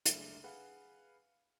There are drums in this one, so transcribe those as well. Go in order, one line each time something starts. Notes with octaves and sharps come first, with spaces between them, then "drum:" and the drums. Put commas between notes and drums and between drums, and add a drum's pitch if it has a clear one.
F#1 D2 D3 G#3 D4 E5, drum: hi-hat
G#4 B4 F5 F#5